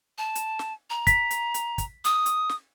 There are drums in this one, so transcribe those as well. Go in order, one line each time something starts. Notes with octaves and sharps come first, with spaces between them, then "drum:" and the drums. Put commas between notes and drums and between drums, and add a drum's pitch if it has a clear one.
A5
drum: hi-hat
drum: snare
A#5
B6, drum: kick, hi-hat
drum: hi-hat
drum: hi-hat
drum: kick, hi-hat
D#6, drum: hi-hat
drum: hi-hat
drum: snare